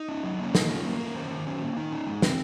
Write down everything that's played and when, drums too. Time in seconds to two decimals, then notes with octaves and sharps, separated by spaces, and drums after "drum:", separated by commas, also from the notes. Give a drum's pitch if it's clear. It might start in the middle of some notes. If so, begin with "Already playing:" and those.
Already playing: D#4
0.08 C#4
0.24 F#3
0.39 A#3 C#4
0.55 D#3 D#4, drum: snare
0.69 C#4 F4
0.86 A#3
1.00 C#4 A#4
1.15 D#3 C5
1.31 D#3
1.46 F#3 C#4
1.61 A#3
1.76 D#3 D#4
1.92 C#4
2.07 G#3
2.22 C4, drum: snare